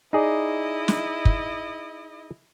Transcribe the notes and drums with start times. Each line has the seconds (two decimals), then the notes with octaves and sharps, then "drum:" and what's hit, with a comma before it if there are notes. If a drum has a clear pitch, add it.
0.13 D#4 E4 G#4 D5 D#5
0.88 drum: snare
1.25 drum: kick